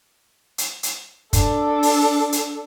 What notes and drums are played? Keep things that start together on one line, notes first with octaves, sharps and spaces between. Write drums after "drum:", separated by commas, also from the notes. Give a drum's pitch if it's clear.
drum: hi-hat
drum: hi-hat
D4 A4, drum: kick, hi-hat
drum: open hi-hat
drum: hi-hat